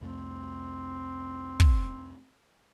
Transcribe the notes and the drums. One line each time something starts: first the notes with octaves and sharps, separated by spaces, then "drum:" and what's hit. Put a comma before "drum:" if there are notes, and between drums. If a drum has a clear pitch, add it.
C2 F2 A3 C4
drum: kick